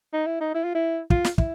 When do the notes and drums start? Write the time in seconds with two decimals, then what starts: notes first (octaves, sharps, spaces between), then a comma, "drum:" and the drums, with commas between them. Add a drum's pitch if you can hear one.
0.13 D#4
0.26 E4
0.41 D#4
0.55 E4
0.64 F4
0.75 E4
1.10 F4, drum: kick
1.24 drum: snare
1.38 E4, drum: kick